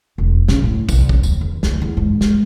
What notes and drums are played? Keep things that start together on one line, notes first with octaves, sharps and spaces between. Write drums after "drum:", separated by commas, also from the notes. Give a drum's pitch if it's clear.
E1
C#3, drum: snare
A2
C2, drum: kick, tambourine
F#2, drum: kick
D#2, drum: tambourine
E2
D2, drum: snare
E2
G#2
G#3, drum: snare